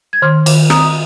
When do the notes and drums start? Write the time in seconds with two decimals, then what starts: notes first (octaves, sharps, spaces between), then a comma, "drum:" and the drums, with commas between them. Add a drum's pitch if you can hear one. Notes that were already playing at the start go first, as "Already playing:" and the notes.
0.13 G#6
0.22 D#3 C6 F6
0.46 D#3, drum: cymbal
0.70 C4 A#5 D#6, drum: rim click